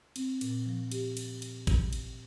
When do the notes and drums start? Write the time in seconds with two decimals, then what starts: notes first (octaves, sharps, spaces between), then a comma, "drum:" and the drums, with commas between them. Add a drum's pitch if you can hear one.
0.16 C4, drum: cymbal
0.41 A#2, drum: cymbal
0.66 F3
0.92 G4, drum: cymbal
1.17 drum: cymbal
1.42 drum: cymbal
1.67 drum: kick G#1, cymbal
1.93 drum: cymbal